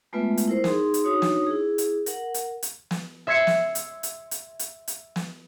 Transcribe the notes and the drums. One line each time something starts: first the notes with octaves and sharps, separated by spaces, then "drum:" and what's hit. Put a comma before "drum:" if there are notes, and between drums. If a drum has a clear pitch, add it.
G#3 A3 B3 F4 B4 E5
drum: hi-hat
E4 A#4 C5
D#4 G#4 C6, drum: snare
drum: hi-hat
D4 D#4 F#4 C#5 D#6
drum: snare
E4 G#4
drum: hi-hat
A#4 F#5, drum: hi-hat
drum: hi-hat
drum: hi-hat
drum: snare
E5 C6 G#6 B6 C#7
drum: snare
drum: hi-hat
drum: hi-hat
drum: hi-hat
drum: hi-hat
drum: hi-hat
drum: snare